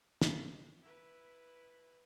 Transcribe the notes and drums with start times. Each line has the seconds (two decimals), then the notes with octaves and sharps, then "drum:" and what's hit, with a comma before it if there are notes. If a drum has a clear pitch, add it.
0.21 drum: snare
0.80 E4 B4